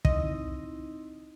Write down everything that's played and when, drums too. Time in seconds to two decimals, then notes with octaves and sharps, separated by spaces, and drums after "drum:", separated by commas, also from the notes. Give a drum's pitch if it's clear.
0.05 C4 D#4 E4 D#5, drum: kick